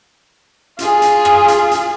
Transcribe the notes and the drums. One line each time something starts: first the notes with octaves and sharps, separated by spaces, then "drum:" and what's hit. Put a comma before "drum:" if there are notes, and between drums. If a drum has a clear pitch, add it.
F4 G#4, drum: hi-hat
drum: hi-hat
drum: rim click
drum: hi-hat
drum: hi-hat